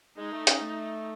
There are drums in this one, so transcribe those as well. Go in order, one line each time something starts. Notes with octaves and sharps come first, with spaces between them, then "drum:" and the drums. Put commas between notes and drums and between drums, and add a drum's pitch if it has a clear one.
G#3 D#4
A3
C#4, drum: hi-hat
A3